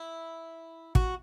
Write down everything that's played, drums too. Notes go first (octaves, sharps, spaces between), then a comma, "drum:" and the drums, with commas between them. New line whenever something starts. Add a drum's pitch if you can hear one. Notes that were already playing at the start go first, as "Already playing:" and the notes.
Already playing: E4
F#4, drum: kick